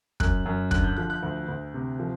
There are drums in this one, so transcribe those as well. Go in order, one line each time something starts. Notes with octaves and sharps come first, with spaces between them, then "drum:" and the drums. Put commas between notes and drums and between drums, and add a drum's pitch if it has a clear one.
F#2 F#6, drum: kick
F#2
D3 F#6, drum: kick
G6
F3 F#6
F#6
D2
D2
C3
F3